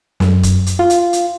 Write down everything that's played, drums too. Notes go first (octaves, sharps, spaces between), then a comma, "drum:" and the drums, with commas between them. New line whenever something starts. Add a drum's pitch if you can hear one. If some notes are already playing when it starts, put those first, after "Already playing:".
F#2, drum: snare
drum: kick, hi-hat
drum: hi-hat
F4
drum: hi-hat
drum: hi-hat